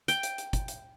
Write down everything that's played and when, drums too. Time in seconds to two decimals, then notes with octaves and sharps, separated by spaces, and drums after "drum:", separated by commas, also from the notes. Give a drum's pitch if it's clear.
0.08 G5, drum: hi-hat
0.23 drum: hi-hat
0.38 drum: hi-hat
0.53 drum: kick, hi-hat
0.68 drum: hi-hat